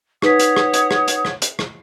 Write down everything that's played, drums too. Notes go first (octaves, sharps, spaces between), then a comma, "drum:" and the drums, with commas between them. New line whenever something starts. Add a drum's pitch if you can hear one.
D#4 B4 C#5 F#5 D#6 B6, drum: rim click
drum: hi-hat
drum: rim click
drum: hi-hat
drum: rim click
drum: hi-hat
drum: rim click
drum: hi-hat
drum: rim click